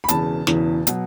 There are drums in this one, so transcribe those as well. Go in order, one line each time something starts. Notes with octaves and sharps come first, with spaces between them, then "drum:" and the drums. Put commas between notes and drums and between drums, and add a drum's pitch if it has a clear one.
B5
E1 E2 C#3 E3 A5, drum: hi-hat
E1 E2 C#3 E3, drum: snare
B2 F#3, drum: hi-hat